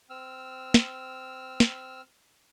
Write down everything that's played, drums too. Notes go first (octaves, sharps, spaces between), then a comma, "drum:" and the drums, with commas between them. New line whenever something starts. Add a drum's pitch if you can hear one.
C4 E6 F6
drum: snare
drum: snare